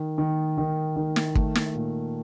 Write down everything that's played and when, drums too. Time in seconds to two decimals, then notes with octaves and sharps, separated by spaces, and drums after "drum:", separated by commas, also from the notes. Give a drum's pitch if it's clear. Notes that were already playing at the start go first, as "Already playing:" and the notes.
Already playing: D#3
0.18 D#3
0.58 D#3
0.96 D#3
1.16 drum: snare
1.35 A3, drum: kick
1.55 drum: snare
1.75 A#2